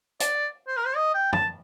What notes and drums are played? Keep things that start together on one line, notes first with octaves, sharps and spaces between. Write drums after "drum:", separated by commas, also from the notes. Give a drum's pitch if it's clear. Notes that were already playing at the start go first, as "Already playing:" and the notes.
D5, drum: hi-hat
C5
A#4
C5
D#5
G5
A5, drum: tom